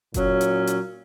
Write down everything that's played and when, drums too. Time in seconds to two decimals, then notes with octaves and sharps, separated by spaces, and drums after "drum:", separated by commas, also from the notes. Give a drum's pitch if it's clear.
0.14 A#2 F#3 C#4, drum: kick F#1, hi-hat
0.41 drum: hi-hat
0.67 drum: hi-hat